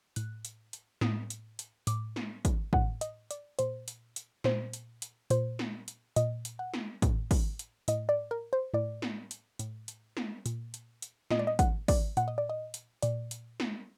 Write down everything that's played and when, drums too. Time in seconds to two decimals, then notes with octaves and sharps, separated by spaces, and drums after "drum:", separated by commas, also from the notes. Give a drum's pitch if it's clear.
0.16 A2 F#6, drum: hi-hat
0.45 drum: hi-hat
0.73 drum: hi-hat
1.01 A2 D#6, drum: snare
1.30 drum: hi-hat
1.59 drum: hi-hat
1.87 A2 D6, drum: hi-hat
2.16 drum: snare
2.45 drum: kick, hi-hat
2.73 A2 F#5, drum: kick
3.01 D#5, drum: hi-hat
3.31 D5, drum: hi-hat
3.59 A#2 C5, drum: hi-hat
3.88 drum: hi-hat
4.16 drum: hi-hat
4.44 A#2 C5, drum: snare
4.73 drum: hi-hat
5.02 drum: hi-hat
5.30 A#2 C5, drum: hi-hat
5.59 drum: snare
5.88 drum: hi-hat
6.16 A#2 D#5, drum: hi-hat
6.45 drum: hi-hat
6.59 F#5
6.74 drum: snare
7.02 A2, drum: kick, hi-hat
7.31 drum: kick, open hi-hat
7.59 drum: hi-hat
7.88 A2 D#5, drum: hi-hat
8.09 D5
8.31 A#4
8.53 C5
8.74 A2 D5
9.02 drum: snare
9.31 drum: hi-hat
9.59 A2, drum: hi-hat
9.88 drum: hi-hat
10.17 drum: snare
10.46 A#2, drum: hi-hat
10.74 drum: hi-hat
11.02 drum: hi-hat
11.31 A#2 D#5, drum: snare
11.39 D5
11.47 D#5
11.59 F#5, drum: kick, hi-hat
11.88 D5, drum: kick, open hi-hat
12.17 A#2 F#5, drum: hi-hat
12.28 D#5
12.38 D5
12.49 D#5
12.74 drum: hi-hat
13.02 A#2 D5, drum: hi-hat
13.31 drum: hi-hat
13.60 drum: snare